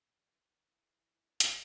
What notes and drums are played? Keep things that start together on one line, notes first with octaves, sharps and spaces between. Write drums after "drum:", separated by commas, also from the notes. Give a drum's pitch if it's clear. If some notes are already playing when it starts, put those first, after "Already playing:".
F3
E3
D#3
E3
E3
F3, drum: hi-hat